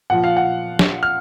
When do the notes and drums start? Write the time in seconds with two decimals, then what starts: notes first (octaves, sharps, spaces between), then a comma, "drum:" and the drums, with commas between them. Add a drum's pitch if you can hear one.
0.10 A#2 F3 F#5
0.24 F5
0.37 F#5
0.79 drum: snare
1.03 F6